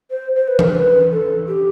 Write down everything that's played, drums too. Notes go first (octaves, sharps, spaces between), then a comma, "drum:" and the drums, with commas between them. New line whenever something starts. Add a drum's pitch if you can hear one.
C5
C5
B4
A#4, drum: tom E3
C5
B4
A4
G4